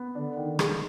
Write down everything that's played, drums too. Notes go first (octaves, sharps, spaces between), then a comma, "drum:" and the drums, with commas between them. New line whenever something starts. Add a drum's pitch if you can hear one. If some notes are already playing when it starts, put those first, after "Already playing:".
Already playing: B3
D3 D4
D#3
G#3, drum: rim click